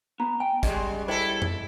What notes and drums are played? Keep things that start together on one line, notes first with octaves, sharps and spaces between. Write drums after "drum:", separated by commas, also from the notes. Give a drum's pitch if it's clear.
B3 A#5
G5 G#5
C#3 G3 G#3 D#5, drum: kick, hi-hat
E4 A4 C5 D#5 G5
drum: tom F2